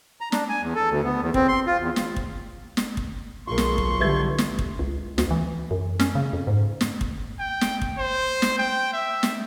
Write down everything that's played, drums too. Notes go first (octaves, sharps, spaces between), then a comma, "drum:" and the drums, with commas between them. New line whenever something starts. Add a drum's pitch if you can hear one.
A#5
D4, drum: snare
G#5
E2
A4
D2
B3
E2
C4, drum: kick
C6
F4
E2
drum: snare
drum: kick
drum: snare
drum: kick
B1 F4 G#4 A#4 C6 C#6
drum: snare
drum: kick
D3 E3 G3 B4 E5 G#6
drum: snare
drum: kick
C#2
D2, drum: snare
E3
F#2
C#4, drum: snare
C#3
F2
G#2
drum: snare
drum: kick
G5
drum: snare
drum: kick
C5
drum: snare
G5
E5
drum: snare